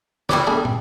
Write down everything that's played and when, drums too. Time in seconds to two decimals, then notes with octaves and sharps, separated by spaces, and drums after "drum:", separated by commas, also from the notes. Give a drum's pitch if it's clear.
0.29 E3 G3 G4 C#5 D5, drum: snare
0.47 A3 D4 G#4
0.65 drum: tom